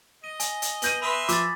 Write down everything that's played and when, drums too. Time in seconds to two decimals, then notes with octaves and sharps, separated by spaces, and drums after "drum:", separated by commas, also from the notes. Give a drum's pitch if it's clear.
0.24 D#5 D#7
0.40 G#5, drum: hi-hat
0.62 drum: hi-hat
0.82 B3 G6 A#6 D#7 F#7, drum: hi-hat
1.02 B4 E5 B5 C6 D#6 B6
1.29 F3 D6 E6 A6 B6, drum: hi-hat